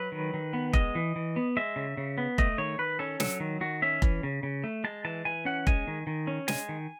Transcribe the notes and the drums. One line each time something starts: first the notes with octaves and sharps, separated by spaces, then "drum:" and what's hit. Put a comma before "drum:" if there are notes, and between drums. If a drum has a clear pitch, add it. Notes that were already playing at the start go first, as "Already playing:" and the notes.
Already playing: F#3 B4
D#3
D#3
B3
G#3 D#5, drum: kick F1
E3
E3
B3
G#3 E5
C#3
C#3
B3
A3 D#5, drum: kick F1
D#3 C#5
D#3 B4
C#4 A4
F#3 A4, drum: snare
D#3
D#3 F#4
C#4 E5
E3, drum: kick F1
C#3
C#3
A3
G#3 A5
E3 A5
E3 G#5
C#4 F#5
G#3 G#5, drum: kick F1
D#3
D#3
C#4
G#3 G#5, drum: snare
D#3